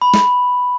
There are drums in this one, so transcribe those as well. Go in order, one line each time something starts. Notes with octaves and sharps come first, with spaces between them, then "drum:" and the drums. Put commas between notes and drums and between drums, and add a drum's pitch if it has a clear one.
B5
drum: snare